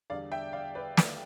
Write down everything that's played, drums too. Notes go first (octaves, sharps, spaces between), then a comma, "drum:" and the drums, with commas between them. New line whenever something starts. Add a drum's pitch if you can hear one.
E2 D3 G3 D5 F5
E5 G5
D5 F5
B4 D5
B4, drum: snare